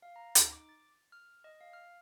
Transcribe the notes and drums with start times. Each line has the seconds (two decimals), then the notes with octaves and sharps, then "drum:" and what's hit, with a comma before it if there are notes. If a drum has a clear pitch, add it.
0.02 F5
0.16 A#5
0.35 D#4, drum: hi-hat
0.52 D6
0.69 A6
1.12 F6
1.44 D#5
1.61 F5
1.73 F6